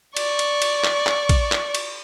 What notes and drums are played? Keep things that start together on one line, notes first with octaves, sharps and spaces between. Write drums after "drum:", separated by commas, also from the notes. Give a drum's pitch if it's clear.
D5 C#6, drum: cymbal
drum: cymbal
drum: cymbal
drum: clap
drum: clap
drum: kick, cymbal
drum: clap
drum: cymbal